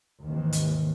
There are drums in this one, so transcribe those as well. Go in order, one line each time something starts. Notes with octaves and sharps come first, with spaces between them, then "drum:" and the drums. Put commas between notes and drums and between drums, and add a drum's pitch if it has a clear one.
D#2 G#2 C3 D#3 E3
drum: hi-hat